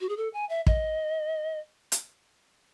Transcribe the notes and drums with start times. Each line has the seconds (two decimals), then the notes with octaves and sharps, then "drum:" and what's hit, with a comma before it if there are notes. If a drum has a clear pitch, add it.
0.01 F#4
0.09 G#4
0.17 A4
0.34 G#5
0.49 E5
0.67 D#5, drum: kick
1.92 drum: hi-hat